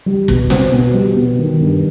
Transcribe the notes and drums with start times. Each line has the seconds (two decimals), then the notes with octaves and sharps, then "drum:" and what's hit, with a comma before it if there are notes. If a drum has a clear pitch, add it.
0.06 G3
0.28 B2, drum: kick
0.50 C4, drum: snare
0.72 B2
0.94 G3
1.16 B2
1.39 D#3
1.60 G2